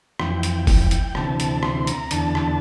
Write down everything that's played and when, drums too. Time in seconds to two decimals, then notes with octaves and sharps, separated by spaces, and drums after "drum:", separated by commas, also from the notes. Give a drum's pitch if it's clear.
0.20 F2 E3 G5, drum: rim click
0.43 drum: hi-hat
0.67 drum: kick, open hi-hat
0.91 drum: hi-hat
1.15 D2 C3 E3 A5, drum: rim click
1.40 A5, drum: hi-hat
1.63 C6, drum: rim click
1.87 A#5, drum: hi-hat
2.11 E2 D3 A5, drum: hi-hat
2.35 drum: rim click